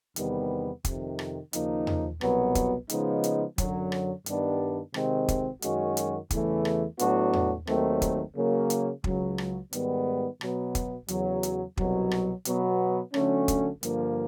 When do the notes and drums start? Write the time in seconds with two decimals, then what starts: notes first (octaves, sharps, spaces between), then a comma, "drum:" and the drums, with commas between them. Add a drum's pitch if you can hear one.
0.16 E2 C3 D#3 G3 B3, drum: hi-hat
0.85 F2 C3 D#3, drum: kick, hi-hat
1.19 drum: rim click
1.53 D#2 C#3 F3 A#3 D#4, drum: hi-hat
1.87 drum: tom E2
2.21 C2 B2 F#3 B3, drum: rim click
2.55 drum: kick, hi-hat
2.89 C#3 F3 G#3 B3 D#4, drum: hi-hat
3.24 drum: hi-hat
3.58 F#2 D3 F#3, drum: kick, hi-hat
3.92 drum: rim click
4.26 G2 D#3 G3 B3 D4, drum: hi-hat
4.94 C3 D#3 G#3 C4, drum: rim click
5.28 drum: kick, hi-hat
5.62 F#2 D#3 G#3 C#4 F#4, drum: hi-hat
5.97 drum: hi-hat
6.30 E2 C#3 E3 A3, drum: kick, hi-hat
6.65 drum: rim click
6.99 A2 F#3 B3 D4 F#4, drum: hi-hat
7.33 drum: tom E2
7.67 D#2 D#3 F#3 A3 C4, drum: rim click
8.02 drum: kick, hi-hat
8.36 C#3 F#3 A#3
8.70 drum: hi-hat
9.04 C#2 C#3 F#3, drum: kick
9.38 drum: rim click
9.73 G#2 D#3 G3 B3, drum: hi-hat
10.41 B2 F#3 B3, drum: rim click
10.75 drum: kick, hi-hat
11.08 E2 C#3 F#3, drum: hi-hat
11.43 drum: hi-hat
11.77 C2 B2 F#3, drum: kick
12.11 drum: rim click
12.45 B2 F#3 B3, drum: hi-hat
13.14 D3 F#3 A3 C#4, drum: rim click
13.48 drum: kick, hi-hat
13.83 G2 D3 F3 A#3, drum: hi-hat